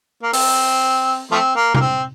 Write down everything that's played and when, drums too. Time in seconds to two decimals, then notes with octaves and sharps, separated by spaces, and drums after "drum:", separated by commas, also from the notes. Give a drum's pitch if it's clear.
0.23 A#3
0.33 C4, drum: open hi-hat
1.31 F3 A3 C4
1.56 A#3
1.74 A#3, drum: tom C3
1.80 C4